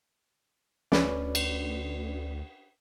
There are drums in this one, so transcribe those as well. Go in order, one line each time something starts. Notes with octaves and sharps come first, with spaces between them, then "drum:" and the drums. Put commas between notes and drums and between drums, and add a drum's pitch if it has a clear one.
D2 C#4 B4 D5, drum: snare
drum: cymbal